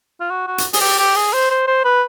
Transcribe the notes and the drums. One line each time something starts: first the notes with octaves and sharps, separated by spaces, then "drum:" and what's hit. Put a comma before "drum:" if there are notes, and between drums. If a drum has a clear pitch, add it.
F4
F#4
F#4
drum: hi-hat
G#4, drum: open hi-hat
G4
G4
G#4
C5
C5
C5
B4